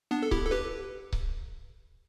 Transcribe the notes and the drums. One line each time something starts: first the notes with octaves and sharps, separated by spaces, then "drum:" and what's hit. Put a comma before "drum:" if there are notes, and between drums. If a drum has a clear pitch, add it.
B3 D4
A4
E4 G4, drum: kick C#1
A4
G4 B4
drum: kick C#1